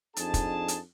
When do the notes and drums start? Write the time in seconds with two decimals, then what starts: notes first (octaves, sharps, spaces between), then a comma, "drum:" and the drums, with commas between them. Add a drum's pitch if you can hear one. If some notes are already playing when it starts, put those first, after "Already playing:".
0.16 F2 D4 D#4 G#4 A5, drum: hi-hat
0.34 drum: kick, hi-hat
0.68 drum: hi-hat